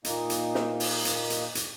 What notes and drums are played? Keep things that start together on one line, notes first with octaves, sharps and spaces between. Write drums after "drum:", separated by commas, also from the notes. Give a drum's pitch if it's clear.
A#2 A#3 D#4, drum: hi-hat
drum: hi-hat
drum: snare
drum: open hi-hat
drum: hi-hat
drum: hi-hat
drum: hi-hat